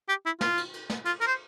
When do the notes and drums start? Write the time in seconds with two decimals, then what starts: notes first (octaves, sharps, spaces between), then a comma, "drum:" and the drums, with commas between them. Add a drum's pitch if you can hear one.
0.09 G4
0.26 E4
0.41 F4, drum: snare
0.57 drum: cymbal
0.74 drum: cymbal
0.90 drum: snare
1.05 F4, drum: cymbal
1.21 A#4, drum: cymbal
1.27 C5